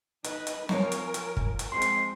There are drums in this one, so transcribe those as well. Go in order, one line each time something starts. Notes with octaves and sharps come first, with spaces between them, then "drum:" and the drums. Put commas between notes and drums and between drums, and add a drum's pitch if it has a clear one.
D#4 B4 D#5, drum: hi-hat
drum: hi-hat
F3 F4 A#4 C#5 G#5, drum: snare
drum: hi-hat
drum: hi-hat
drum: kick
drum: hi-hat
F3 G#3 C4 C6 C7
drum: hi-hat